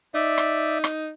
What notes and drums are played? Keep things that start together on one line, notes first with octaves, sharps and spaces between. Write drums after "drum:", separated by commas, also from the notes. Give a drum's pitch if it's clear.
D#4 D5 E5
drum: rim click
drum: rim click